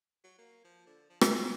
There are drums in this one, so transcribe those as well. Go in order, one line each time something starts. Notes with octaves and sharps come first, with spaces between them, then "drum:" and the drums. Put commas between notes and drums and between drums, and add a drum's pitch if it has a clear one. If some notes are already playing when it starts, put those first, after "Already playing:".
F#3
A#3
F3
D3
F3
F#3, drum: rim click
F2